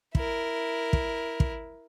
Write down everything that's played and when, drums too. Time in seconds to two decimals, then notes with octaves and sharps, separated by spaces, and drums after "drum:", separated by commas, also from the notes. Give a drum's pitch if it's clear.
0.15 E4 A#4, drum: kick
0.93 drum: kick
1.40 drum: kick